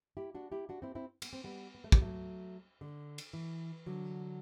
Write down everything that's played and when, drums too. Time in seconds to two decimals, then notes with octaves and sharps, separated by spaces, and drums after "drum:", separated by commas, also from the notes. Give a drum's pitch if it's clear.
0.17 E4 G4
0.35 D4 F#4
0.52 E4 G4
0.69 D4 F#4
0.82 C4 E4
0.95 C4 E4
1.22 B3, drum: cymbal
1.33 C4
1.44 G3 B3
1.75 B3
1.84 A3
1.92 G3, drum: kick
2.01 F#3 A3
2.81 D3
3.18 drum: cymbal
3.33 E3
3.86 D3 F#3